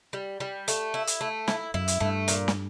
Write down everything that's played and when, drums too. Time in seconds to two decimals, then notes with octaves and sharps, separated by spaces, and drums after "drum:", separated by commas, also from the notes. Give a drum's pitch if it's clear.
0.13 G3
0.40 G3
0.68 A3, drum: hi-hat
0.94 E4
1.07 drum: hi-hat
1.21 A3
1.48 E4, drum: snare
1.74 F#2 E4
1.88 drum: hi-hat
2.00 G2 A3
2.28 A#2, drum: hi-hat
2.48 drum: snare